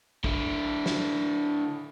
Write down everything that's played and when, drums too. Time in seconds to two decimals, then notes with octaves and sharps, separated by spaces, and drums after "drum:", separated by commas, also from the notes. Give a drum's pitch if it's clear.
0.24 D3 E4, drum: kick
0.86 drum: snare